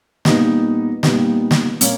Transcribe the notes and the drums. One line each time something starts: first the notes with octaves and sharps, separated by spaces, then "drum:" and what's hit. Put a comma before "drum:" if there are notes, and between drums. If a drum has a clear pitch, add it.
A#2 G3 B3 D#4, drum: snare
A#2 G3 B3 D#4, drum: snare
drum: snare
A#2 A#3 C#4, drum: hi-hat